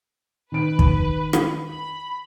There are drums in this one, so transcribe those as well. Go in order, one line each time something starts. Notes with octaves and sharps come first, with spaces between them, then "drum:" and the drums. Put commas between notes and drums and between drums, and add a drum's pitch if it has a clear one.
D#3 B4 D7
drum: kick
drum: rim click
B5